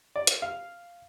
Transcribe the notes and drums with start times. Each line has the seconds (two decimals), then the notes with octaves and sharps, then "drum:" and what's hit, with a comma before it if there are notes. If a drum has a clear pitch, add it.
0.16 D5
0.27 drum: hi-hat
0.42 F5